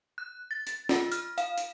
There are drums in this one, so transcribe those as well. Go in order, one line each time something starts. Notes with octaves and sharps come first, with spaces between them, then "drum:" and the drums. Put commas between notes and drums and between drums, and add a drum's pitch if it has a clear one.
F#6
A6
drum: hi-hat
F4, drum: snare
F6, drum: hi-hat
F5, drum: hi-hat
drum: hi-hat